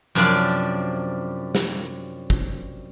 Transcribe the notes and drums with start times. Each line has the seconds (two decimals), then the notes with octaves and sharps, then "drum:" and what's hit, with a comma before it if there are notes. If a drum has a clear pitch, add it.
0.15 F#2 C3 F3 D4 F4 D5
1.55 drum: snare
2.30 drum: kick